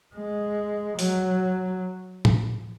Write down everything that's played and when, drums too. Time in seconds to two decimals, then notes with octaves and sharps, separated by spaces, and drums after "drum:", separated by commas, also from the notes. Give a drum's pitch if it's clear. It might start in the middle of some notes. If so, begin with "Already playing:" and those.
0.16 G#3
0.99 F#3, drum: open hi-hat
2.25 drum: tom A2